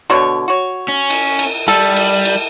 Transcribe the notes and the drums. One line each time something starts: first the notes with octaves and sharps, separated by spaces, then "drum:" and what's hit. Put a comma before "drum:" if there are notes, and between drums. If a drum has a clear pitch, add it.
B2 D3 C#5
F#4 C#5
C#4
drum: cymbal
drum: cymbal
G3 A4
drum: cymbal
drum: cymbal